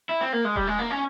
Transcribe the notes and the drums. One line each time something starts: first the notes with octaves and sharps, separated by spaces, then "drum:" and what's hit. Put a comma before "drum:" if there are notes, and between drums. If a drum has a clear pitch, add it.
E4
C4
A#3
G#3
G3, drum: kick D#1
G#3
A#3
C#4